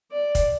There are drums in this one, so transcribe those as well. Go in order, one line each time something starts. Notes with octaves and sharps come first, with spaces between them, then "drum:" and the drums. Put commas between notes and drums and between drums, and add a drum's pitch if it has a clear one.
D5
drum: kick, hi-hat